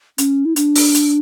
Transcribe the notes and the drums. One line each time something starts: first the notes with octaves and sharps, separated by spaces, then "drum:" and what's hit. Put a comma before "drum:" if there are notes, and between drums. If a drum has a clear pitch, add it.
C#4, drum: hi-hat
E4
D4, drum: hi-hat
drum: open hi-hat
drum: hi-hat